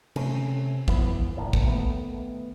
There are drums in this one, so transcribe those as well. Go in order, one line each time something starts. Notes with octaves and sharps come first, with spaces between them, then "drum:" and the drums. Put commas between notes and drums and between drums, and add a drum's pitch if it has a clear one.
C3 A3 C#4, drum: cymbal
F2 E3 B3, drum: kick
F1 A2 D3 A#3
drum: kick
D#3 A3 B3